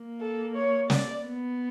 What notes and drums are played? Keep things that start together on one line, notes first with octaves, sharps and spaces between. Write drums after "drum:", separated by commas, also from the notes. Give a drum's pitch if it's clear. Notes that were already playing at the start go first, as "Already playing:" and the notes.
Already playing: A#3
A4
C#5
D5, drum: snare
B3